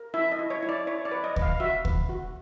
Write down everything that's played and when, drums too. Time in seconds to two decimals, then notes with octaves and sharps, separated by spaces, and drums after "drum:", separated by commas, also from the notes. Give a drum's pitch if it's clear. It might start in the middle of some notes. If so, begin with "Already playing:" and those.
Already playing: A#4
0.14 E4 E5
0.32 D#5
0.39 E4
0.50 C#5
0.63 E4
0.69 D5
0.87 E4 C#5
1.05 D5
1.12 B4
1.24 D#5
1.36 B4, drum: kick D2
1.42 F5
1.60 F#4 E5
1.85 B4, drum: kick D2
2.09 F#4